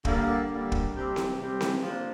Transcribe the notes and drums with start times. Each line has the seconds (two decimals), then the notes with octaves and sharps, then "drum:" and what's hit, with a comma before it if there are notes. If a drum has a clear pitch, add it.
0.05 D3 G3 A#3, drum: kick
0.49 D3 G3 A#3
0.72 drum: kick
0.94 C3 G3 C4 G4
1.16 drum: snare C4
1.39 C3 G3 C4 G4
1.61 drum: snare C4
1.82 F3 A#3 D4